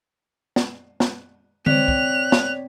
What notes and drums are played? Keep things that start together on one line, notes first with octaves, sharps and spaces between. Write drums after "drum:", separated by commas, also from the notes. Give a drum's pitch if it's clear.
drum: snare
drum: snare
C4 C#5 D5 F#6 B6 F7, drum: tom D3
drum: kick
drum: snare